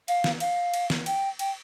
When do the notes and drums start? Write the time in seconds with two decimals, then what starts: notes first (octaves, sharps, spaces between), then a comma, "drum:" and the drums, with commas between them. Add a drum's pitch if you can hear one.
0.08 F5, drum: cymbal
0.24 drum: snare
0.40 F5, drum: cymbal
0.74 drum: cymbal
0.90 drum: snare
1.06 G5, drum: cymbal
1.39 G5, drum: cymbal